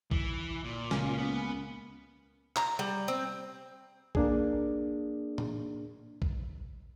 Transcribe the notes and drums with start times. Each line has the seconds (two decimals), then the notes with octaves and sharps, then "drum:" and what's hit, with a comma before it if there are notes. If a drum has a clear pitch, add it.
0.11 E3, drum: kick
0.64 A#2
0.91 C#2 A#3 C#4, drum: snare
1.18 B3
2.56 A#5, drum: clap
2.79 G3
3.08 C4
4.15 A#3 D4 G#4, drum: kick
5.38 drum: tom A2
6.22 drum: kick